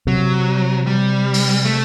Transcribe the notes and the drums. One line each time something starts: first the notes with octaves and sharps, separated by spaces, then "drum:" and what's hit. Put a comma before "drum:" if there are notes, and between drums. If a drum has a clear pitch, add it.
C3 F#3
G3
drum: open hi-hat
A3